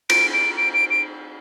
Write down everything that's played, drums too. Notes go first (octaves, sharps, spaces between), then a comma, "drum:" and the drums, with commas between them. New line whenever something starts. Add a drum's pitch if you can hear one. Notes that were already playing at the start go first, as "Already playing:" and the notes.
D7, drum: cymbal
D7
D7
D7
D7